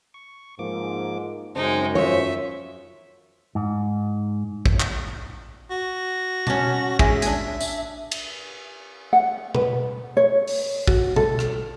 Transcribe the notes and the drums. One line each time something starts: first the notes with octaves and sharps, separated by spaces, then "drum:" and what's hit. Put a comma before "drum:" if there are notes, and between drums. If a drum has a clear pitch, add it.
C#6
G#2 F3 A#3 D6
F#2 C#3 G#3 C4 D#4 C5
F3 F4 C5 C#5 E5
G#2
drum: kick
drum: clap
F#4
C#4 A5, drum: tom B2
G#3 E5, drum: kick
D4 G#5, drum: hi-hat
drum: tambourine
drum: cymbal
F#5
B4, drum: tom B2
C#5
drum: open hi-hat
F#4, drum: kick
A4, drum: tom B2
drum: rim click